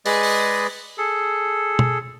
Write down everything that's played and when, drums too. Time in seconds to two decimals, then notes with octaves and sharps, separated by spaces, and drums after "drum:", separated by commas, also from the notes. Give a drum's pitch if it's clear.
0.06 G#3 G#4 B4 D5 D#5, drum: open hi-hat
0.23 drum: open hi-hat
0.98 G#4 A4
1.79 drum: tom